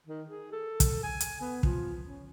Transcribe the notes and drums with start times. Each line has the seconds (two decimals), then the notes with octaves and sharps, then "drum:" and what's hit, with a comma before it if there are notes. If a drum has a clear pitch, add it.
0.07 D#3
0.29 G#4
0.52 A4
0.80 drum: kick, hi-hat
1.03 G#5
1.20 drum: hi-hat
1.41 B3
1.63 F3, drum: kick
2.06 C#4